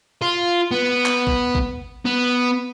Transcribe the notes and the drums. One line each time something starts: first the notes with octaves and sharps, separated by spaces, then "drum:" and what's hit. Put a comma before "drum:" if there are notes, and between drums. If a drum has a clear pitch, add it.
F4
B3
drum: clap
drum: kick A1
drum: kick A1
B3